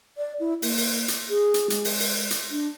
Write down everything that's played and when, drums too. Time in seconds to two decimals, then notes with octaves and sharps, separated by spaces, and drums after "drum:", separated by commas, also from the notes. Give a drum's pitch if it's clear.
0.17 D5
0.40 E4
0.62 A#3, drum: open hi-hat
0.78 drum: open hi-hat
1.08 drum: hi-hat
1.29 G#4
1.54 drum: hi-hat
1.70 G#3, drum: hi-hat
1.85 drum: open hi-hat
2.00 drum: open hi-hat
2.31 drum: hi-hat
2.51 D4